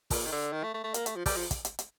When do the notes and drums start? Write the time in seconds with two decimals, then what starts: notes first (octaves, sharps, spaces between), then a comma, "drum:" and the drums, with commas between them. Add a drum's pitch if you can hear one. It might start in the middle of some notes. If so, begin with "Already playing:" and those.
0.10 A#2, drum: kick, open hi-hat
0.26 D#3
0.32 D3
0.52 D#3
0.63 A3
0.74 A3
0.84 A3
0.94 A#3, drum: hi-hat
1.06 A3, drum: hi-hat
1.16 F3
1.26 G3, drum: kick, open hi-hat
1.36 F3
1.51 drum: kick, hi-hat
1.65 drum: hi-hat
1.79 drum: hi-hat